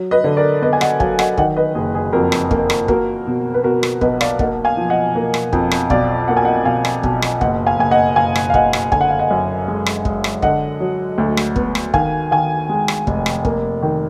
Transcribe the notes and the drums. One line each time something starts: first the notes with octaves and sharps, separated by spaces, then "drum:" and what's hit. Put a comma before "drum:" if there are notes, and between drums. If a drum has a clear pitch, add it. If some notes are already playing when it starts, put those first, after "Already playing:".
Already playing: F#3
B4 D#5
D3
A#4 D5
B3 B4 D#5
G#5
D#5 F#5, drum: rim click
F#3 F5 G#5, drum: kick
D#5 F#5, drum: rim click
D#3 D#5 F#5, drum: kick
B4 D#5
F#1 G#4
G#4
F2 F#4 A#4
drum: rim click
A#3, drum: kick
drum: rim click
A#3 F#4 A#4, drum: kick
B2
B4
B2 F#4 A#4
drum: rim click
B1 B4 D#5, drum: kick
D5 F5, drum: rim click
A#3 D#5 F#5, drum: kick
F5 G#5
F3
D#5 F#5
A#3
drum: rim click
F2, drum: kick
drum: rim click
B1 D5 F5, drum: kick
A#3 F#5
G#5
D#5 F#5
B1 F5 G#5
drum: rim click
B1, drum: kick
drum: rim click
F#1 D#5 F#5, drum: kick
F5 G#5
F#1 G#5
D#5 F#5
F#1 F5 G#5
drum: rim click
F5
F#1 D#5 F#5, drum: kick
drum: rim click
D3 G#5, drum: kick
F#5
F5
D#5 F#5
F#2
G#3
drum: rim click
G#3, drum: kick
drum: rim click
D3 D#5 F#5, drum: kick
F#3
D2
drum: rim click
B3, drum: kick
drum: rim click
D#3 F5 G#5, drum: kick
D#3 F5 G#5
G#3
drum: rim click
F1, drum: kick
drum: rim click
A#3, drum: kick
D#3